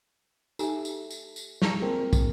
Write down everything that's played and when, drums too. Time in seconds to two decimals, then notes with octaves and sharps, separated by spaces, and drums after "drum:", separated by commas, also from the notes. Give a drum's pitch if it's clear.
0.59 D#4 G4 A4 E5 G#5, drum: tambourine
0.85 drum: tambourine
1.10 drum: tambourine
1.36 drum: tambourine
1.62 G#3 A5 A#5 C#6, drum: snare
1.80 A#3 C4 F4 G#4 A#4
2.13 drum: kick, tambourine